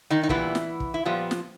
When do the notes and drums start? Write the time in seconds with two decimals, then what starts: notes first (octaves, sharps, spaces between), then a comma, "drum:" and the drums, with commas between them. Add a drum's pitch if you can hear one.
0.10 D#3 D#4
0.23 D#4
0.29 A#2 E3 G3 B3 E4, drum: kick
0.55 drum: snare
0.80 drum: kick
0.94 E4
1.05 A#2 F3 G3 B3 F4
1.31 drum: snare